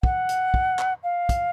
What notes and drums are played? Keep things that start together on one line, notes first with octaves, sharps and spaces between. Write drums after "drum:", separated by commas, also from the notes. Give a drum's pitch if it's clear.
F#5, drum: kick
drum: hi-hat
drum: kick
drum: clap
F5
drum: kick, hi-hat